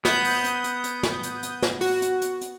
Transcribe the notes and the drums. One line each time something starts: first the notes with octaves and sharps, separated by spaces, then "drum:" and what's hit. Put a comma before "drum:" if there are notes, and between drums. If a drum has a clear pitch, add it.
B3 D#6 G6, drum: snare
drum: open hi-hat
drum: hi-hat
drum: hi-hat
drum: hi-hat
drum: snare
drum: hi-hat
drum: hi-hat
drum: snare
F#4, drum: open hi-hat
drum: hi-hat
drum: hi-hat
drum: hi-hat